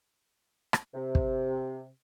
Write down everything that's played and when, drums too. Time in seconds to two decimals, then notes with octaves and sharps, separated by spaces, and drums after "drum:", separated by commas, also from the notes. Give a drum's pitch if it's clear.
0.73 drum: rim click
0.94 C3
1.15 drum: kick